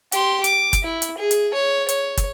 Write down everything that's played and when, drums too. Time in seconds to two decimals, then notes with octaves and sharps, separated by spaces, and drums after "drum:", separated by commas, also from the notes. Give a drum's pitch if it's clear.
0.12 G4 C6, drum: hi-hat
0.44 D6, drum: hi-hat
0.73 drum: kick, hi-hat
0.83 E4
1.02 drum: hi-hat
1.18 G#4
1.31 drum: hi-hat
1.54 C#5
1.89 C#5, drum: hi-hat
2.17 drum: kick, hi-hat